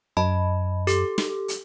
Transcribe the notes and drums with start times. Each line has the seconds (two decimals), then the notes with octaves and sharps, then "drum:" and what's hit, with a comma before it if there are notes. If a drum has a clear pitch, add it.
0.17 F#2 D#5 A5 B5
0.87 G4 A4 D6, drum: hi-hat
1.18 drum: snare
1.48 drum: hi-hat